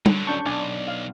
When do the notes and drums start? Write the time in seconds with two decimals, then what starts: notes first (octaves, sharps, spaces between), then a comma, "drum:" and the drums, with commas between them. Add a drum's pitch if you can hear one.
0.06 D3 F#3, drum: tom
0.27 C#4 D4 A5 C#6 G6
0.46 B1 D4 D5 G#5
0.88 F5